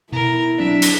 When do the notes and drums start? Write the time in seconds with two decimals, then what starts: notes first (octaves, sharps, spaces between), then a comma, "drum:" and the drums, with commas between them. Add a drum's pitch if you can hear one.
0.12 B2 E4 A#4
0.58 F#3 C4 D4 E5
0.82 drum: hi-hat